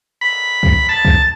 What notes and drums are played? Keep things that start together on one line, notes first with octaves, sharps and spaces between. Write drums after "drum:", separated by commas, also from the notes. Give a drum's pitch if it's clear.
B5
drum: kick
A5
drum: kick